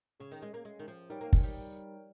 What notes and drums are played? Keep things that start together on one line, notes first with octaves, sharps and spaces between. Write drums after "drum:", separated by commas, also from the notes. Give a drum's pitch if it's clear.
C#3 C#4 G#4 C#5
D#3
G#3
A#3
G#3
D#3
F3
G3 D#4 A#4 C#5 G5
A#3
G#3, drum: kick
G3